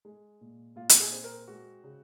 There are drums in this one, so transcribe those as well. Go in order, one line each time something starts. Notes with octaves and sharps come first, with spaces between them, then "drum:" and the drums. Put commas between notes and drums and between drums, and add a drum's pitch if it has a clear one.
G#3
A#2
A#2 F4
drum: hi-hat
G#4
C4
A#4
G#3 F#4
C#3